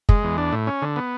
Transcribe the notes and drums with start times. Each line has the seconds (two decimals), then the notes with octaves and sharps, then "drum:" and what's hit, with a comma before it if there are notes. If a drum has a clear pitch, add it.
0.09 G#3, drum: kick
0.23 E2
0.38 D4
0.52 A2
0.67 C#4
0.82 D3
0.96 B3